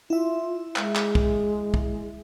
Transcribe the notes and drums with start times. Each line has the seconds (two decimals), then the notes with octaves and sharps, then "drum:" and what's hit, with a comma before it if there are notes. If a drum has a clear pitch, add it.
0.10 E4 F4 E5
0.76 G#3, drum: clap
0.96 drum: clap
1.15 drum: kick
1.74 drum: kick